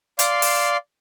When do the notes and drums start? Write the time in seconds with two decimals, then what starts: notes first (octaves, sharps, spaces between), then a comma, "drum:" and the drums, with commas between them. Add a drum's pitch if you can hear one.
0.19 D5 F5 C6, drum: hi-hat
0.42 drum: open hi-hat